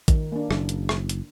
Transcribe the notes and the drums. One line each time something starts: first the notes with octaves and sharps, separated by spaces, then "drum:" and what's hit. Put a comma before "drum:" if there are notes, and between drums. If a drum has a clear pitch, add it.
D#3, drum: kick A1, hi-hat
A#3 D4
F#1, drum: rim click
drum: hi-hat
drum: rim click
drum: hi-hat